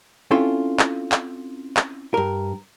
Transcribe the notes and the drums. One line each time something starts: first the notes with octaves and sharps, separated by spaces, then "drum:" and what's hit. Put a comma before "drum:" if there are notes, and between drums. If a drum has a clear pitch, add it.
C4 C#4 E4 F4 A4 C6
drum: clap
drum: clap
drum: clap
G2 A#4